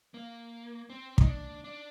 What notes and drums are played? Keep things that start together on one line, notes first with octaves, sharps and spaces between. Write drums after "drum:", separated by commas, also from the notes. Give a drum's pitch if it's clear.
A#3
C4
D#4, drum: kick
D4
D4